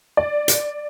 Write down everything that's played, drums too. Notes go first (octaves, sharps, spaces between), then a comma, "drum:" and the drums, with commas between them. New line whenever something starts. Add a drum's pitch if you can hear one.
D5
drum: hi-hat